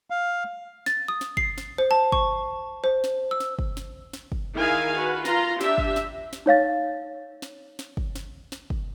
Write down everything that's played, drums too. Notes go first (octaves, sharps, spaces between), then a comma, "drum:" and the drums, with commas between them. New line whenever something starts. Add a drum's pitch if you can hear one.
F5
A6, drum: snare
D#6
drum: snare
C7, drum: kick
drum: snare
C5
A5
C#6, drum: kick
C5
drum: snare
E6
drum: snare
drum: kick
drum: snare
drum: snare
drum: kick
D#3 E4 G#4 A#4 F5 G#5
F#4 B4
F4 A#5 C6, drum: snare
D4 G4 E5, drum: snare
drum: kick
drum: snare
drum: snare
D#4 C#5 F5 A6
drum: snare
drum: snare
drum: kick
drum: snare
drum: snare
drum: kick